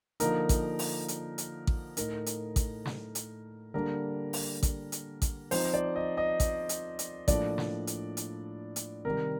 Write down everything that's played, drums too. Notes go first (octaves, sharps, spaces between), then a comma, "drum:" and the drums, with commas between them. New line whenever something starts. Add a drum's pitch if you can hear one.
D3 F3 A#3 D#4 A#4, drum: hi-hat
drum: kick A1, hi-hat
drum: open hi-hat
drum: hi-hat
drum: hi-hat
drum: kick A1
A2 A3 D#4 A#4, drum: hi-hat
drum: hi-hat
drum: kick A1, hi-hat
drum: snare
drum: hi-hat
D3 G3 A#3 D4 A#4
drum: open hi-hat
drum: kick A1, hi-hat
drum: hi-hat
drum: kick A1, hi-hat
F3 C4 D#4 C5, drum: open hi-hat
D5
D#5
D#5
drum: kick A1, hi-hat
drum: hi-hat
drum: hi-hat
A2 F3 A#3 D4 D5, drum: kick A1, hi-hat
drum: snare
drum: hi-hat
drum: hi-hat
drum: hi-hat
C3 D#3 G3 A#4